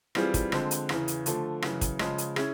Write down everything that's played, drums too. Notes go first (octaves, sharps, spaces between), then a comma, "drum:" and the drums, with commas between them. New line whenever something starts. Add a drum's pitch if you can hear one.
E3 G3 C4 F4 G#4, drum: rim click
drum: kick, hi-hat
D3 F3 G#3 C4, drum: rim click
drum: hi-hat
E2 C#3 E3, drum: rim click
drum: hi-hat
D3 F3 A3, drum: hi-hat
F#2 C#3 E3, drum: rim click
drum: kick, hi-hat
C#3 F3 G#3, drum: rim click
drum: hi-hat
C#4 E4 G#4, drum: rim click